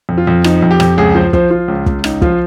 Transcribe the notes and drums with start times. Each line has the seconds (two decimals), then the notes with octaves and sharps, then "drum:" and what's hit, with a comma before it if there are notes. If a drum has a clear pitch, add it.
0.09 F2
0.18 F4
0.27 F2
0.44 F3 D#4, drum: rim click
0.62 F2
0.71 G4
0.80 F2, drum: rim click
0.98 C#2 G#4
1.15 F3 C5
1.33 F3 C5, drum: kick
1.50 F3 F4
1.68 C#2
1.86 C#2, drum: kick
2.04 C#2 D#4, drum: rim click
2.22 F3 F4, drum: kick